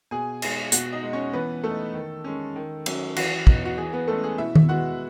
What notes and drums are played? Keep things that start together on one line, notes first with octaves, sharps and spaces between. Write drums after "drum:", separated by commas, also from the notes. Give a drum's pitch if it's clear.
B2 G#4 G#5
G#3 D#4, drum: cymbal
B2 F#4 F#5, drum: hi-hat
D#4 D#5
G#3 D#4
C#4 C#5
E3 B3 B4
A3 D#4 A4
D#3
G#3 C#4
D#3
F#3 C#4, drum: cymbal
E3 F#4, drum: cymbal
B3 D#4, drum: kick
F#4
E3 G#4
B3 B4
G#3 A3 C#4 A4
G#4
B2 E4 E5
drum: tom D#3
G#3 B3 F#4 F#5